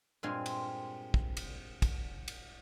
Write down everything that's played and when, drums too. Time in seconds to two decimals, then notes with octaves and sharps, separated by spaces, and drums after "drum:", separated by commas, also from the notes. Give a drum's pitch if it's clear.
0.23 G2 A#2 G#3 C4 F5 G#5
0.46 drum: cymbal
1.14 drum: kick
1.37 drum: cymbal
1.82 drum: kick, cymbal
2.28 drum: cymbal